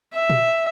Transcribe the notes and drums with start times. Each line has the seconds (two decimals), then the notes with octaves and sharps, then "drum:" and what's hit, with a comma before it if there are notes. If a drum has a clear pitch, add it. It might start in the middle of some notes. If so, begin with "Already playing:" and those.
0.14 E5
0.30 drum: tom A#2